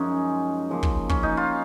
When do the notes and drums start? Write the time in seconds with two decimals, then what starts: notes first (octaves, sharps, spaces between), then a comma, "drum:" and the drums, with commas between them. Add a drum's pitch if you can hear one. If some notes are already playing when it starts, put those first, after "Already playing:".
Already playing: F#2 F3 G#3 C#4 D#4
0.70 C#3 F3 A#3
0.83 drum: kick
1.09 C#4, drum: kick
1.23 D#4
1.37 F4